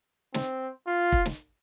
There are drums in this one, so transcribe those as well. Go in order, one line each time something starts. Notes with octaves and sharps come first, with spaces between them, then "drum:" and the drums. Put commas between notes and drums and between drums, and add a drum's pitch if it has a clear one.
C4, drum: snare
F4
drum: kick
drum: snare